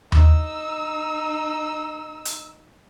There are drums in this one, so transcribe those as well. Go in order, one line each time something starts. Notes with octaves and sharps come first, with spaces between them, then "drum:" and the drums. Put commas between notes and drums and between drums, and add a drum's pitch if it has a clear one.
D#4 E6, drum: tom D#2
drum: hi-hat